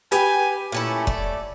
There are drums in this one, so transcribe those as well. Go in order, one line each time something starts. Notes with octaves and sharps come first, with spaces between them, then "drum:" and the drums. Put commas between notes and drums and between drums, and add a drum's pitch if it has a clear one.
G4 B4 G5 G#5, drum: hi-hat
A#2 A3 C#4 E4
D5, drum: kick E1